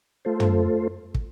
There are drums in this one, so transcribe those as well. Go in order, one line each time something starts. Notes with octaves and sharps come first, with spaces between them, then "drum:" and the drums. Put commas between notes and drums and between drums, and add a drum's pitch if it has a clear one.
A3 F4 A4 C5
drum: tom
drum: kick